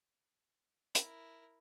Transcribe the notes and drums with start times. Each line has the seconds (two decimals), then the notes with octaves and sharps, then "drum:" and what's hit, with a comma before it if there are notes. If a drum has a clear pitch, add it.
0.95 E4 A#4, drum: hi-hat